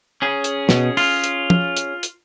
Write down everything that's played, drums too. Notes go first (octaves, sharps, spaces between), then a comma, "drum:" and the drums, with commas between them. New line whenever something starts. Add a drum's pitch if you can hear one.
C#4 G#4
drum: hi-hat
B2, drum: snare
F4, drum: open hi-hat
drum: hi-hat
drum: tom
drum: hi-hat
drum: hi-hat